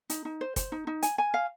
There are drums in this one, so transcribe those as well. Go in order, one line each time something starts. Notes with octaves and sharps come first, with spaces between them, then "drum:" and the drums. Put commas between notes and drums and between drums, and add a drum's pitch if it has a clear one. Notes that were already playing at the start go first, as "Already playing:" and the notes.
D#4, drum: hi-hat
D#4
C5
C5, drum: kick, hi-hat
D#4
D#4
G#5, drum: hi-hat
G#5
F5